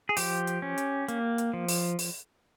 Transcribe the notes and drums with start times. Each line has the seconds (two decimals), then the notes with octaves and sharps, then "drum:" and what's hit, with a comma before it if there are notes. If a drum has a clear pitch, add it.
0.09 G#4
0.17 F3 G4, drum: open hi-hat
0.47 drum: hi-hat
0.62 C#4
0.78 drum: hi-hat
1.08 A#3, drum: hi-hat
1.38 drum: hi-hat
1.54 F3
1.69 drum: open hi-hat
1.99 drum: open hi-hat